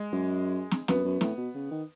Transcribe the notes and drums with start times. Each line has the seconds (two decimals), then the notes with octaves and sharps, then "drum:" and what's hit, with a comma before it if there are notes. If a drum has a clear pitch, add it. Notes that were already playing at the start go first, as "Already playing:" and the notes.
Already playing: G#3
0.13 F#2
0.71 drum: snare
0.88 F#2 B3, drum: snare
1.05 F#2
1.21 A2, drum: snare
1.38 B2
1.55 C#3
1.71 D#3